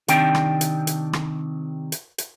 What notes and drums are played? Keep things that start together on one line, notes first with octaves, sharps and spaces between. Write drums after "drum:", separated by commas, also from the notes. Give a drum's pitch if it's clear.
C3 D#3 C4 D4 G5, drum: hi-hat
drum: rim click
drum: hi-hat
drum: hi-hat
drum: rim click
drum: hi-hat
drum: hi-hat